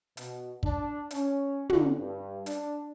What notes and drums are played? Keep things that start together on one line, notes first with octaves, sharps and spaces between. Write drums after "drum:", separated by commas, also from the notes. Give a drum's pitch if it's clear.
B2, drum: hi-hat
D4, drum: kick
C#4, drum: hi-hat
D3, drum: tom
G2
D4, drum: hi-hat